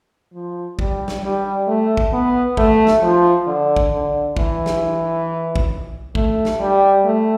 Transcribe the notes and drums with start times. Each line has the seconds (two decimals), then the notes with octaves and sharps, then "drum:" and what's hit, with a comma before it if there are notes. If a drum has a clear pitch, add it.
0.34 F3
0.79 G3, drum: kick
1.08 drum: snare
1.23 G3
1.67 A3
1.97 drum: kick
2.13 B3
2.57 A3, drum: kick
2.87 drum: snare
3.02 F3
3.46 D3
3.76 drum: kick
3.92 D3
4.37 E3, drum: kick
4.66 drum: snare
5.56 drum: kick
6.15 A3, drum: kick
6.45 drum: snare
6.60 G3
7.04 A3